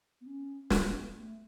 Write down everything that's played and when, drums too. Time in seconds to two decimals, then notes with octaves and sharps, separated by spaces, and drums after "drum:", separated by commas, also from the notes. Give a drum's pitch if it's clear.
0.21 B3
0.26 C#4
0.70 B3, drum: snare
0.93 B3
1.16 A3